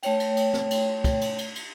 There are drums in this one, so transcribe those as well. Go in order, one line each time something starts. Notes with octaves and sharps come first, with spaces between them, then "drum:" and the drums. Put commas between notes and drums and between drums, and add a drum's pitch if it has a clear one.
A3 C#5 G5, drum: cymbal
drum: cymbal
drum: cymbal
drum: snare
drum: cymbal
drum: kick, cymbal
drum: cymbal
drum: cymbal
drum: cymbal